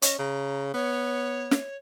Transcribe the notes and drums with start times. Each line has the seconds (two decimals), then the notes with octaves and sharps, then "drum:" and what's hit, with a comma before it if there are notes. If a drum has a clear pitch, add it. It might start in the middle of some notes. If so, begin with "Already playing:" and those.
0.02 C#4 D#5, drum: hi-hat
0.19 C#3 A#5
0.74 B3 C#5
1.51 drum: snare